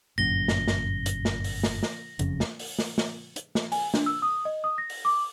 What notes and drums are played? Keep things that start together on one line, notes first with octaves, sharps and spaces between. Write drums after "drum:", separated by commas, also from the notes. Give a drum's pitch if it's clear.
G1 F#2 A#2 A#6 G7
drum: snare
drum: snare
drum: hi-hat
drum: snare
drum: open hi-hat
drum: snare
drum: snare
F#1 F2 C#3, drum: hi-hat
drum: snare
drum: open hi-hat
drum: snare
drum: snare
drum: hi-hat
drum: snare
G#5, drum: open hi-hat
D4, drum: snare
E6
D#6
D#5
D#6
A#6
drum: open hi-hat
D6